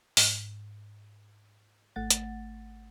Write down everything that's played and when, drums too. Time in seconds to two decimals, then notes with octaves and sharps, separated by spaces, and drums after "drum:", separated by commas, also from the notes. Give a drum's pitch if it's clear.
0.17 G#2, drum: open hi-hat
1.96 G#1 A3 F#5 A6
2.10 drum: hi-hat